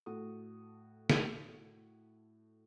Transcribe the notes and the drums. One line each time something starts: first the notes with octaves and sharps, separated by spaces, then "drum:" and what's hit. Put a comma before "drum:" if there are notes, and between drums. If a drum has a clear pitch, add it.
A2 F#4 A4 D#6
drum: snare